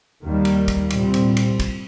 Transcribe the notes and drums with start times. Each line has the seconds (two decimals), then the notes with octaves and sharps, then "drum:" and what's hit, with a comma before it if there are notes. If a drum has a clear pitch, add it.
0.22 D#2 D#3 G3 A#3
0.45 drum: cymbal
0.68 drum: kick, cymbal
0.90 C2 A#2 G3 C4, drum: cymbal
1.14 drum: cymbal
1.37 drum: cymbal
1.60 drum: kick, cymbal